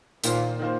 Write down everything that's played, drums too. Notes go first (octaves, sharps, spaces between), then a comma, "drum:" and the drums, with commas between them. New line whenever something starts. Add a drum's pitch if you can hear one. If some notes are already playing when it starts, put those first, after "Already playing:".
A#2 D#3 A#3 F4 C5, drum: hi-hat
D#3 A#3 F4 C5